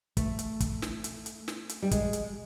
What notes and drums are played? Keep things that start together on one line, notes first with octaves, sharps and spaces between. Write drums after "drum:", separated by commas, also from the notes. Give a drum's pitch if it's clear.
A3, drum: kick, hi-hat
drum: hi-hat
drum: kick, hi-hat
drum: snare
drum: hi-hat
drum: hi-hat
drum: snare
drum: hi-hat
G3
G#3, drum: kick, hi-hat
drum: hi-hat